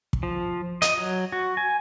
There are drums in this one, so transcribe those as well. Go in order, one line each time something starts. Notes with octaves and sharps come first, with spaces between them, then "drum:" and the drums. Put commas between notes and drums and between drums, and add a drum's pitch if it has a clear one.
drum: kick
F3
D#5, drum: hi-hat
F#3
F#4
G#5